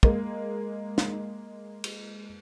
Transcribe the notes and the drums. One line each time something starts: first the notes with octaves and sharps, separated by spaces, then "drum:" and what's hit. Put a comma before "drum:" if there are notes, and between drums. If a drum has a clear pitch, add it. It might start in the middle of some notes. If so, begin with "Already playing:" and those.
G#3 A#3, drum: kick
drum: snare
drum: cymbal